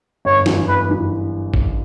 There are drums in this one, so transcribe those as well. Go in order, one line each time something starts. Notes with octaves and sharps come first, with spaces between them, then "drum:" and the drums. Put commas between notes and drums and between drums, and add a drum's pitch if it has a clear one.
G1 C#5
F#2 E3, drum: snare
G1 B4
F#2 E3
drum: kick G#1